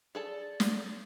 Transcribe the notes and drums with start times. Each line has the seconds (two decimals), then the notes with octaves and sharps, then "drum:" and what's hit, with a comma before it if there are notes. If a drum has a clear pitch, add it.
0.15 G#4 A4 D5 A5
0.60 drum: snare